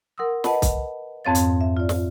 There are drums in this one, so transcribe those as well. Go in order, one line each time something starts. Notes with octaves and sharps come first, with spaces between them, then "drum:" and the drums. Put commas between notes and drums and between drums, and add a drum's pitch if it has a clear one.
A#4 F#5 C6 D#6 E6
B4 D#5 F#5 A5 B5, drum: snare
drum: kick C2, hi-hat
F2 G#2 C4 C#5 F5 A6
drum: hi-hat
E5
F4 D5
drum: snare